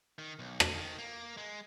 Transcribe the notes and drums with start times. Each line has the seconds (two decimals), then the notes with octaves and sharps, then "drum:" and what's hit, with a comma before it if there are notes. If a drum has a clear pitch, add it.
0.19 D#3
0.39 B1
0.60 drum: rim click
0.74 D#3
0.98 A#3
1.37 G#3